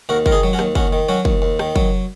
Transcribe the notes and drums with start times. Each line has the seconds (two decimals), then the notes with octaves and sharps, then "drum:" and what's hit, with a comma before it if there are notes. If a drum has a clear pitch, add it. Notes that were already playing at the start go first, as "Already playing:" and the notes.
0.09 D#2 F#4 A#4
0.26 D#3 A#4, drum: kick
0.31 D#4 G#4
0.43 F#3
0.53 C#4 F#4
0.59 D#2, drum: rim click
0.75 D#2 C#4 F#4, drum: kick
0.93 D#3
1.09 F#3 C#4 F#4
1.25 D#2, drum: kick
1.42 D#2
1.59 D#3, drum: rim click
1.76 F#3, drum: kick